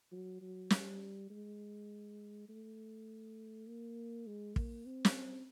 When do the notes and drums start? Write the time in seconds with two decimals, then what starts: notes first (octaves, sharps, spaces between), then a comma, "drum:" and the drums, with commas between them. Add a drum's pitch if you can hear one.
0.12 F#3
0.41 F#3
0.70 G3, drum: snare
1.30 G#3
2.49 A3
3.67 A#3
4.27 G#3
4.56 A#3, drum: kick
4.86 C4
5.05 drum: snare